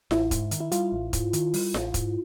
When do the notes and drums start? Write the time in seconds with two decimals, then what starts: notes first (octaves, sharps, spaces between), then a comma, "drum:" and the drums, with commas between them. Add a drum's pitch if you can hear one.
0.11 A1 E4, drum: snare F4
0.31 G#2, drum: kick, hi-hat
0.51 D#3, drum: hi-hat
0.60 E4
0.72 G3 F4, drum: hi-hat
0.92 A1
1.13 G#2, drum: kick, hi-hat
1.33 D#3, drum: hi-hat
1.54 G3, drum: open hi-hat
1.74 A1, drum: snare F4
1.94 G#2, drum: kick, hi-hat